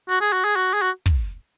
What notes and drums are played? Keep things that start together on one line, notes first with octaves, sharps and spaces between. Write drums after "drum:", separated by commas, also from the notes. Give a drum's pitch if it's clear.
F#4, drum: hi-hat
G#4
F#4
G#4
F#4
G#4, drum: hi-hat
F#4
drum: kick, hi-hat